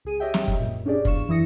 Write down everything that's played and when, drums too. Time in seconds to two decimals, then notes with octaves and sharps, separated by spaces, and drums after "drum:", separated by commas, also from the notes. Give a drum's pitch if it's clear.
0.05 C#2 G#4 D#7
0.20 G4 C#5 D#5 E5 G5
0.34 drum: snare
0.48 drum: kick
0.58 F#2 A#2
0.86 C#4 D4 G4 G#4 D5
1.05 E2 F5 C#6 E7, drum: kick
1.28 F#2 E3 E4 D#6 A#6 C#7